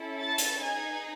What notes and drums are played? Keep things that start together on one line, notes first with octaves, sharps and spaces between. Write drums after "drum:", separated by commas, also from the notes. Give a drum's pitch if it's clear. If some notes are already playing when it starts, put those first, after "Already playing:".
Already playing: C#4 E4 A4
A5 A6
drum: hi-hat
D#4 G#4 G#5 G#6